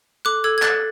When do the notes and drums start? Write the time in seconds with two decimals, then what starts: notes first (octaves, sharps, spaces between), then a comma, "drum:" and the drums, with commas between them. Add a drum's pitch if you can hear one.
0.25 A4 D6 F#6
0.44 A4 E6 G#6
0.58 G#6
0.62 A4 F#6 A6, drum: clap